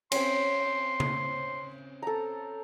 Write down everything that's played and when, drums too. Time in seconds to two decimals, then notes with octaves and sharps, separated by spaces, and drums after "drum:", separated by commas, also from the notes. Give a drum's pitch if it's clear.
0.12 C4 C#4 C6, drum: cymbal
1.00 drum: tom C#3
2.02 A4 A#5